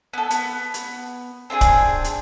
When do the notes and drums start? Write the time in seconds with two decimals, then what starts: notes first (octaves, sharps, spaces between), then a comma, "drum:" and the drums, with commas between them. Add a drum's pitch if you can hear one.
0.13 B3 A4
0.31 B3, drum: hi-hat
0.74 drum: hi-hat
1.50 C4 D4 D#4 G#4
1.61 drum: kick D1, hi-hat
2.04 drum: hi-hat